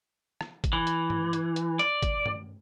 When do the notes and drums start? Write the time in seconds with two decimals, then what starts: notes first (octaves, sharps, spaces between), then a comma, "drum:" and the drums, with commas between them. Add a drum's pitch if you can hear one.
0.41 drum: rim click
0.64 drum: kick, hi-hat
0.73 E3
0.87 drum: hi-hat
1.10 drum: tom
1.33 drum: hi-hat
1.56 drum: hi-hat
1.79 D5, drum: hi-hat
2.02 drum: kick, hi-hat
2.26 drum: tom